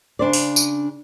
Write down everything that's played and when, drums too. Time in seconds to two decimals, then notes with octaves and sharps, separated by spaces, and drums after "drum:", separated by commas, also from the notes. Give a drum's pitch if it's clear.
0.19 C#3 D4 C5 D5
0.33 drum: open hi-hat
0.56 drum: tambourine